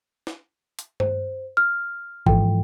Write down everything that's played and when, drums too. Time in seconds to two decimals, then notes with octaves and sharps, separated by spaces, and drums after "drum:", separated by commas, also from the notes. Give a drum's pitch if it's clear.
0.27 drum: snare
0.79 drum: hi-hat
1.00 C5, drum: tom G2
1.57 F6
2.27 G#2 E3 F3 A4 G5, drum: kick G#1